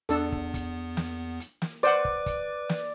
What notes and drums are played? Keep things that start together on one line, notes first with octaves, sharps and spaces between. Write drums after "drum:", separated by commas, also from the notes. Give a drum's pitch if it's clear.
E2 B3 D4 A4, drum: hi-hat
drum: kick
drum: kick, hi-hat
drum: snare
drum: hi-hat
drum: snare
B4 C5 D5 F#5, drum: hi-hat
drum: kick
drum: kick, hi-hat
drum: snare